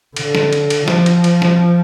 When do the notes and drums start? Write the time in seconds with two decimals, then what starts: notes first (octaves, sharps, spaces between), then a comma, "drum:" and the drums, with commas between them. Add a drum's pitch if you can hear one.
0.16 D3, drum: cymbal
0.35 drum: snare
0.53 drum: cymbal
0.70 drum: cymbal
0.88 F3, drum: snare
1.06 drum: cymbal
1.24 drum: cymbal
1.42 drum: snare